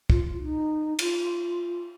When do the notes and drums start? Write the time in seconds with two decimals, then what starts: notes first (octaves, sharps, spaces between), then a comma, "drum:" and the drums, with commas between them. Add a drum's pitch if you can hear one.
0.10 F4, drum: kick
0.32 F4
0.42 D#4
0.99 F4, drum: cymbal